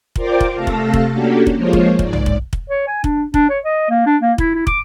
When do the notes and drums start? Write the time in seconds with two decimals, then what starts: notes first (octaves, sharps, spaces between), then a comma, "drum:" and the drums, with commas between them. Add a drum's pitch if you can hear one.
0.16 F4 A#4 C5 D5 G5 D6, drum: kick
0.41 drum: kick
0.56 C3 A3 A4 F5 A5 A#6
0.67 drum: kick
0.94 drum: kick
1.12 A#3 C#4 D4 F#4 G4 A4
1.47 drum: kick
1.56 F3 G#3 A#3 F4 C5 C#5
1.73 drum: kick
1.99 G#2 D5, drum: kick
2.13 drum: tom
2.26 drum: kick
2.53 drum: kick
2.70 C#5
2.88 G#5
3.04 D4, drum: kick
3.34 D4, drum: kick
3.49 C#5
3.65 D#5
3.89 A#3
4.06 D4
4.22 A#3
4.38 E4, drum: kick
4.54 E4
4.67 D6, drum: kick